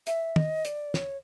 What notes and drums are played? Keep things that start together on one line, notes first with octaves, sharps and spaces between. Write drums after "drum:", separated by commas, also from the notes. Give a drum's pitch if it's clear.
E5, drum: hi-hat
D#5, drum: tom
D5, drum: hi-hat
C#5, drum: snare